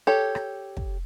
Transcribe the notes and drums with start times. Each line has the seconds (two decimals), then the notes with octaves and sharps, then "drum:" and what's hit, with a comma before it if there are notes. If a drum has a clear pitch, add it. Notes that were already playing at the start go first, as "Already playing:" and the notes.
0.07 G4 A4 C#5
0.35 drum: rim click
0.77 drum: kick